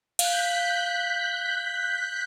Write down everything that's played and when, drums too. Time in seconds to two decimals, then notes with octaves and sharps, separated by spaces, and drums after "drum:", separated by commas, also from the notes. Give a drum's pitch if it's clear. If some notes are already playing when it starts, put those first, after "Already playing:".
0.19 F5 F#6 G6 B6, drum: cymbal